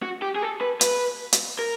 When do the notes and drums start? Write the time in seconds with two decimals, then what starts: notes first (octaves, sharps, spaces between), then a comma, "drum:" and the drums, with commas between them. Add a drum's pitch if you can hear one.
0.02 F#4
0.22 G4
0.36 G#4
0.42 A4
0.61 B4
0.81 B4, drum: hi-hat
1.33 drum: hi-hat
1.59 A#4